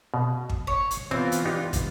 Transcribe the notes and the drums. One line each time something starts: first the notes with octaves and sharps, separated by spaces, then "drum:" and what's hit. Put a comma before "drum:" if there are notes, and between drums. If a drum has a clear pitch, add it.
B2
drum: kick
C#5
drum: hi-hat
E3 B3 C4 F4
drum: hi-hat
D4 D#4 G4
drum: kick, hi-hat